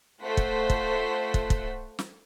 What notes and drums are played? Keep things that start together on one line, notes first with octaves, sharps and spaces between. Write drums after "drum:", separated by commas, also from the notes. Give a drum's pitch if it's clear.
A3 F4 C5 F#5 B6
drum: kick
drum: kick
drum: kick
drum: kick
drum: snare